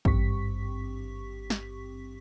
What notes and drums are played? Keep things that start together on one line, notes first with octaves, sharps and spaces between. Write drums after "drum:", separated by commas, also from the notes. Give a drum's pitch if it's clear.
G#1 G2 C4 G4 C#6 B6, drum: kick
drum: snare